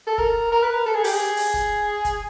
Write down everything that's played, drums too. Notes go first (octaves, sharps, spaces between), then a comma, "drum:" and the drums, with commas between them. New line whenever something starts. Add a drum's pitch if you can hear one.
A4
A#4, drum: kick
A#4
B4
A#4
A4
G#4
G4, drum: open hi-hat
G#4
drum: open hi-hat
drum: kick
drum: kick, hi-hat